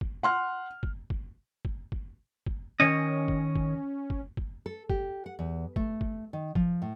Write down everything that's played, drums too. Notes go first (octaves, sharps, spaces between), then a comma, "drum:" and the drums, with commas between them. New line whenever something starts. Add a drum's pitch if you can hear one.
drum: kick
F#5 C6 F6
drum: kick
drum: kick
drum: kick
drum: kick
drum: kick
D#3 C#4 C#5 D#5
drum: kick
drum: kick
drum: kick
drum: kick
A4
G4, drum: kick
F#5
E2
A3, drum: kick
drum: kick
D#3
F3, drum: kick
A2